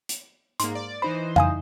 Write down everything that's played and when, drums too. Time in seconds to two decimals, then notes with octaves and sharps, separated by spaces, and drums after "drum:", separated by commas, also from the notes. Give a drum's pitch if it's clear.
0.09 drum: hi-hat
0.60 G#2 A#3 C6, drum: hi-hat
0.75 D5
1.02 E3 D#4 C5 B5
1.36 F5 G#5 D#6, drum: tom F2